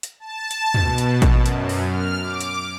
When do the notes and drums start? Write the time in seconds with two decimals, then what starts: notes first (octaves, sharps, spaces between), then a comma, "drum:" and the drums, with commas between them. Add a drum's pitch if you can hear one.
0.03 drum: hi-hat
0.20 A5
0.51 drum: hi-hat
0.74 B2, drum: tom
0.98 drum: hi-hat
1.22 drum: kick, hi-hat
1.36 F#2
1.46 drum: hi-hat
1.69 drum: open hi-hat
1.89 F6
2.22 D6
2.41 drum: hi-hat